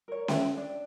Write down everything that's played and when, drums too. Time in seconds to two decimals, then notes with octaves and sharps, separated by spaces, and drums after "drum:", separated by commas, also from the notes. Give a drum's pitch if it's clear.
0.08 A#4 C#5
0.28 E5 G5 A5, drum: snare C#4
0.57 D4